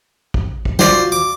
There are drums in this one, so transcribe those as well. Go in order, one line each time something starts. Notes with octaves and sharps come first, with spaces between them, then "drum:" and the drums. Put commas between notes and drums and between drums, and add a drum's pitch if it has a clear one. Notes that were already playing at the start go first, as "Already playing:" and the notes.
drum: kick
drum: kick
F4 F#4 C5 D5, drum: snare
D6